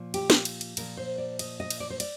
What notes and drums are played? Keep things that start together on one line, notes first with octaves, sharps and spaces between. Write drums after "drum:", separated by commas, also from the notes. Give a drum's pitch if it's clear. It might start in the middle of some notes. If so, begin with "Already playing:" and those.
Already playing: A#2 F3
G4, drum: cymbal
drum: snare
drum: cymbal
drum: cymbal
A#2 F3 A#4, drum: cymbal
C5
D5
D#5, drum: cymbal
D#5
drum: cymbal
D5
C5
D5, drum: cymbal